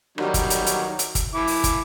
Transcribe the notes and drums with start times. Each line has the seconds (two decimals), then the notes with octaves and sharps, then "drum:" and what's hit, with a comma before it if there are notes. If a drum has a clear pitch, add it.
0.18 D#3 F#3 G3, drum: rim click
0.34 drum: kick, hi-hat
0.50 drum: hi-hat
0.66 drum: hi-hat
0.99 drum: hi-hat
1.15 drum: kick, hi-hat
1.34 E4 D6
1.47 drum: open hi-hat
1.64 drum: kick, hi-hat